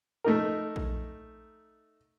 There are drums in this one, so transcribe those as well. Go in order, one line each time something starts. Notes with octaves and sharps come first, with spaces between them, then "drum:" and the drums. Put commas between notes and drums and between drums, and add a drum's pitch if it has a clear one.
A3 D#4 A#4
drum: kick A#1